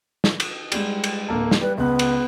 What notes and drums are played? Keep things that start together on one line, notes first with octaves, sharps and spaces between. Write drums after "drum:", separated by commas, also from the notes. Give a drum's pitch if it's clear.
drum: snare
drum: cymbal
G3 G#3, drum: cymbal
drum: cymbal
D1 A#3 A4
drum: snare
G3 B4
C#2 B3 F#6
drum: cymbal